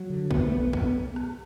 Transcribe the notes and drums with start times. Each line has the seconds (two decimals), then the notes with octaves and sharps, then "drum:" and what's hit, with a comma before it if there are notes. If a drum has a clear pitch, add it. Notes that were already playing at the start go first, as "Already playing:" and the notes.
Already playing: F#3
0.10 D3
0.31 B1 B3, drum: kick
0.47 A3
0.52 B1 B3
0.73 B3, drum: kick
1.16 drum: rim click